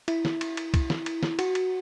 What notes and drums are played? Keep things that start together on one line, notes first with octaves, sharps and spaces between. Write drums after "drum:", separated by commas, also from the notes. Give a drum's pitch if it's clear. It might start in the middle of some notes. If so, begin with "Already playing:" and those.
E4, drum: cymbal
drum: snare
drum: cymbal
drum: cymbal
drum: kick C2, cymbal
drum: snare
drum: cymbal
drum: snare
F#4, drum: cymbal
drum: cymbal